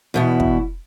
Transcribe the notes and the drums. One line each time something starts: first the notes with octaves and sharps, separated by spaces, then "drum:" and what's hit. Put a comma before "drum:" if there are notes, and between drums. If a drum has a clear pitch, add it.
E2 B2 E4
drum: kick